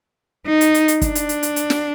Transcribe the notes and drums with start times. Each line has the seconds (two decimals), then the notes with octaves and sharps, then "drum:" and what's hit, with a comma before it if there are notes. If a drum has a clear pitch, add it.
0.47 D#4
0.61 drum: hi-hat
0.74 drum: hi-hat
0.88 drum: hi-hat
1.02 D4, drum: kick, hi-hat
1.15 drum: hi-hat
1.29 drum: hi-hat
1.43 drum: hi-hat
1.56 drum: hi-hat
1.70 drum: snare